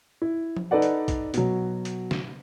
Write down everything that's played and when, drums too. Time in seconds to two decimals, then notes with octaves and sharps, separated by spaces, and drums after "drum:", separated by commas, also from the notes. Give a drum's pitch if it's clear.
0.22 E4
0.57 drum: tom F3
0.71 D#4 A4 B4 D5 F#5
0.82 drum: hi-hat
1.08 drum: kick, hi-hat
1.34 B2 F#3, drum: hi-hat
1.85 drum: hi-hat
2.11 drum: snare